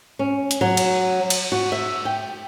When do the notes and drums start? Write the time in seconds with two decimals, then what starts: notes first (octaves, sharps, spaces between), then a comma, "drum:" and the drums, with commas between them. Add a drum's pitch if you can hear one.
0.19 C#4
0.51 drum: hi-hat
0.61 F#3
0.77 drum: cymbal
1.30 drum: cymbal
1.52 F#4
1.72 E5
2.05 G5